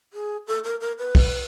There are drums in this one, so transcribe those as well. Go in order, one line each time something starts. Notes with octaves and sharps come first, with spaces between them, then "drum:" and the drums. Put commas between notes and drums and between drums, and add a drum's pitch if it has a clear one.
G#4
A4
A#4
A#4
B4
drum: kick, open hi-hat